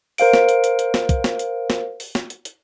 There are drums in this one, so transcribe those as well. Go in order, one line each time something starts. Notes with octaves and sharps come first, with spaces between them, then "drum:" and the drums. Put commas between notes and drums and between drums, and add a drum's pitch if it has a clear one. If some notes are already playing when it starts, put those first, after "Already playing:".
A#4 C5 F5 D7, drum: open hi-hat
drum: snare
drum: hi-hat
drum: hi-hat
drum: hi-hat
drum: snare
drum: kick, hi-hat
drum: snare
drum: hi-hat
drum: snare
drum: open hi-hat
drum: snare
drum: hi-hat
drum: hi-hat